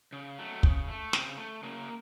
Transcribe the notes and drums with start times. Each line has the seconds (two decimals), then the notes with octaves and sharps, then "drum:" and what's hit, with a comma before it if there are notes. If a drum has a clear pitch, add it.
0.13 C#3
0.38 F#3 A3
0.63 C#3, drum: kick
0.88 A3
1.13 C#3 C4, drum: snare
1.37 A3
1.63 C#3 A#3